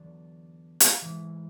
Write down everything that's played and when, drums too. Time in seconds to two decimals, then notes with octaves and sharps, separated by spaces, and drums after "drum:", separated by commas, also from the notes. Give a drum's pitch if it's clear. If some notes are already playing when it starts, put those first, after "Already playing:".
Already playing: E2 D3 F#3 D5
0.80 drum: hi-hat
1.02 G#2 E3